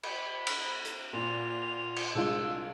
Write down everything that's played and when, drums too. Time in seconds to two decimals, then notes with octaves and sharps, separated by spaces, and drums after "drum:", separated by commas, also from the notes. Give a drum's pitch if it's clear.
0.03 B5, drum: cymbal
0.47 drum: cymbal
0.85 drum: hi-hat
1.13 A#2 F4 F7
1.96 drum: cymbal
2.15 C2 G#3 D4 F4 E6